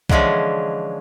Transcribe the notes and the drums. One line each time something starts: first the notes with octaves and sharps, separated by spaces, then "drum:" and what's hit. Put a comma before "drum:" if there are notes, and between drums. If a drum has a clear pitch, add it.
D3 E3 F3 G#3 C#4, drum: kick